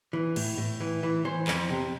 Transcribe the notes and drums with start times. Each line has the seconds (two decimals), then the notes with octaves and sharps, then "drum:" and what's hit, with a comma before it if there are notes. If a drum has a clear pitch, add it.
0.13 E3
0.36 A2, drum: cymbal
0.58 A2
0.81 E3
1.03 E3
1.25 E3 C5
1.47 F2, drum: clap
1.70 C3